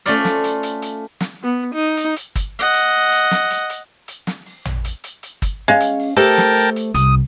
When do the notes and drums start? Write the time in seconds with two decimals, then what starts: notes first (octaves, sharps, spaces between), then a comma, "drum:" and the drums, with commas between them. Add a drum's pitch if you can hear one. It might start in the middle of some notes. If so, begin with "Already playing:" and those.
0.06 A3 C#4 F4 C5 D5 F5, drum: hi-hat
0.25 drum: snare
0.44 drum: hi-hat
0.63 drum: hi-hat
0.82 drum: hi-hat
1.21 drum: snare
1.43 B3
1.75 D#4
1.97 drum: hi-hat
2.16 drum: hi-hat
2.35 drum: kick, hi-hat
2.59 D#5 F#5
2.74 drum: hi-hat
2.93 drum: open hi-hat
3.12 drum: hi-hat
3.31 drum: snare
3.50 drum: hi-hat
3.70 drum: hi-hat
4.08 drum: hi-hat
4.27 drum: snare
4.46 drum: open hi-hat
4.65 drum: tom A1
4.85 drum: hi-hat
5.04 drum: hi-hat
5.23 drum: hi-hat
5.42 drum: kick, hi-hat
5.68 G#3 C#4 C#5 F5
5.80 drum: hi-hat
5.99 drum: open hi-hat
6.17 A3 G4 A4 A#4 C5 G5 A5, drum: hi-hat
6.38 drum: snare
6.57 drum: hi-hat
6.76 drum: hi-hat
6.94 C2 D#6, drum: hi-hat